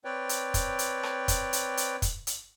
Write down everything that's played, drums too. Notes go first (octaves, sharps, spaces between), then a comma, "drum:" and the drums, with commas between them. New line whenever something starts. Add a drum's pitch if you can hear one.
C4 B4 C#5 D5 G5
drum: hi-hat
drum: kick, hi-hat
drum: hi-hat
drum: rim click
drum: kick, hi-hat
drum: hi-hat
drum: hi-hat
drum: kick, hi-hat
drum: hi-hat